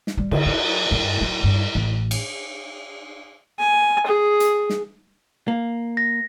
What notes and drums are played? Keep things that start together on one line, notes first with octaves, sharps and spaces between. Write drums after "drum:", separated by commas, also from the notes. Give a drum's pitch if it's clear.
drum: snare
G3
D3, drum: cymbal
F#3
G2
F#3
G2
A1
drum: cymbal
G#5
G#4
drum: hi-hat
drum: snare
A#3
A#6